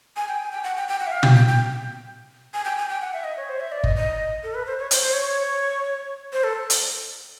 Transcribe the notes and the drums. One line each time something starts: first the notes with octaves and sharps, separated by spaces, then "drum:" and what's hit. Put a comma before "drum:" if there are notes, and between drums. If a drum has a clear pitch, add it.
G#5
G5
G#5
G5
F#5
G5
G5
F#5
E5
F5
G5, drum: tom
G5
G5
G#5
G5
G#5
G5
F#5
E5
D#5
C#5
C5
E5
D5
D#5, drum: kick G1
D#5
A4
B4
C5
C#5
C5, drum: hi-hat
C5
C#5
C#5
C5
A4
drum: hi-hat